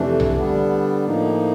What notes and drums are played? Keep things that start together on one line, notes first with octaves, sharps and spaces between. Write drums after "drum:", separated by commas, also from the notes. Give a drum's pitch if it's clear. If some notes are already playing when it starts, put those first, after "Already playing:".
Already playing: F2 C3 E3 A3 D4
drum: tom B1
D3 G3 B3 D4
A2 F3 A#3 D#4